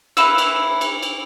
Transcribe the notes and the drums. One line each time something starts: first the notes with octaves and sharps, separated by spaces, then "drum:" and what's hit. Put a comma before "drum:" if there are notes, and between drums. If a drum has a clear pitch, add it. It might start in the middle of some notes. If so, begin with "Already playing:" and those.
A#3 E4 B4 E6, drum: cymbal
drum: cymbal
drum: cymbal
drum: cymbal